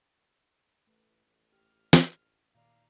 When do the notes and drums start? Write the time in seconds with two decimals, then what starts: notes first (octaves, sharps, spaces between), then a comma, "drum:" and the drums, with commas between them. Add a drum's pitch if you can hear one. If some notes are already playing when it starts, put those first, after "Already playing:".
0.87 A1 A3 B4
1.53 G4 F6
1.93 drum: snare
2.55 A#2 D#3 D5 F5 A#5